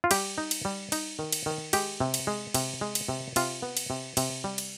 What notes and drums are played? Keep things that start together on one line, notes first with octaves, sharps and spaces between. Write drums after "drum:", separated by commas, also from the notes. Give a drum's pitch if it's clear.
F4
G3 G4, drum: cymbal
D#4
drum: cymbal
G3
D#4, drum: cymbal
D#3
drum: cymbal
D#3
G#3 G4, drum: cymbal
C3
drum: cymbal
G#3
C3, drum: cymbal
G#3
drum: cymbal
C3
C3 F4, drum: cymbal
B3
drum: cymbal
C3
C3, drum: cymbal
G3
drum: cymbal